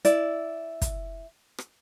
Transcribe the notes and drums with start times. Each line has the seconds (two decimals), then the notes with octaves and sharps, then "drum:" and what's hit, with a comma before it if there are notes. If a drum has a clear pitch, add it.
0.05 E4 D5, drum: hi-hat
0.82 drum: kick, hi-hat
1.58 drum: rim click